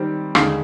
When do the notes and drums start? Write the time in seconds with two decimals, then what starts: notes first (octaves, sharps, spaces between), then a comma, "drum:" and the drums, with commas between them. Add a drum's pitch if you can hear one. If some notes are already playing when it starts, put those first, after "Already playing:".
Already playing: D#3 G3 C4 G4
0.35 D#2 D3 G#3, drum: rim click